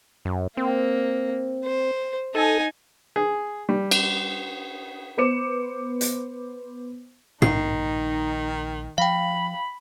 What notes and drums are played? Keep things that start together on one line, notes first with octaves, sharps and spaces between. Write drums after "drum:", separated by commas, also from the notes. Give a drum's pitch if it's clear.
F#2
A#3 C4
C5
D#4 A4 G#5
G#4
G3
drum: cymbal
B3 C5 D6 C#7 E7
drum: hi-hat
A#1 D#3 D#4 C7, drum: tom
F3 F5 G5 B5